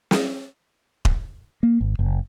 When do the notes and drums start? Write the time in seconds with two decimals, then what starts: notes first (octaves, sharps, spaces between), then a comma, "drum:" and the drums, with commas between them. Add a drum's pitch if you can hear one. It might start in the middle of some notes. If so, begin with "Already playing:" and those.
0.11 drum: snare
1.05 drum: kick D#1
1.63 A#3
1.81 G#1
1.99 F#1